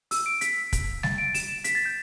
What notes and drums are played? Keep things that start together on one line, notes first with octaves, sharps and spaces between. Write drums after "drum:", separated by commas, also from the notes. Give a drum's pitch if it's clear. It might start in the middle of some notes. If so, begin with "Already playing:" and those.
E6, drum: open hi-hat
D7
B6, drum: hi-hat
drum: kick, hi-hat
A6, drum: snare G3
D7
E7, drum: open hi-hat
B6, drum: hi-hat
A6
G6